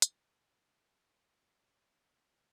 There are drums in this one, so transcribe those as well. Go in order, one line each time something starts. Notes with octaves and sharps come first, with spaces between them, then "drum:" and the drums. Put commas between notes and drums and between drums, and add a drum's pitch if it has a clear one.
G#3, drum: hi-hat
G#4
D#4
D#4
G#3
G#4
G#3
G#4
A4
A4
G#3
B3
B3
G#3
B3